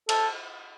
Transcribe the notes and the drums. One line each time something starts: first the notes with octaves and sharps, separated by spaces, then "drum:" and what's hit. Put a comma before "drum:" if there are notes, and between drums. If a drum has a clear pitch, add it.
A4, drum: cymbal